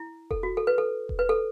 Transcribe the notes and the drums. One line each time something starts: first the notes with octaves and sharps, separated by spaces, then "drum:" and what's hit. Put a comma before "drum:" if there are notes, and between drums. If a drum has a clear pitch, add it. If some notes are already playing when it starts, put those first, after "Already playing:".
Already playing: E4
A4, drum: kick E1
F#4
A4
B4
A4
drum: kick E1
B4
A4